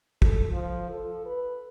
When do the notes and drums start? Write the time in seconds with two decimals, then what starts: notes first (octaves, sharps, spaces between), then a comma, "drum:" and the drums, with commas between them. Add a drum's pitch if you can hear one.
0.22 A4, drum: kick
0.53 F3
0.90 A4
1.25 B4